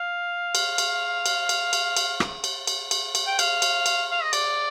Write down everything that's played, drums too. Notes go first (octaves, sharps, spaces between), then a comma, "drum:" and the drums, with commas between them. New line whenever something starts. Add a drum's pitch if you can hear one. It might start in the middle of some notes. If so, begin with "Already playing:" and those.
Already playing: F5
drum: cymbal
drum: cymbal
drum: cymbal
drum: cymbal
drum: cymbal
drum: cymbal
drum: rim click
drum: cymbal
drum: cymbal
drum: cymbal
drum: cymbal
G5
F5, drum: cymbal
drum: cymbal
drum: cymbal
F5
D#5
D5, drum: cymbal